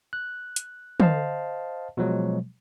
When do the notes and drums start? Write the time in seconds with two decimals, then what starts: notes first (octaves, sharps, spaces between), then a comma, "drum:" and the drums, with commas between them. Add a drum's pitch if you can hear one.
0.13 F#6
0.56 drum: hi-hat
1.00 C5 D#5 F5 A5, drum: tom
1.97 B2 F3 F#3 G#3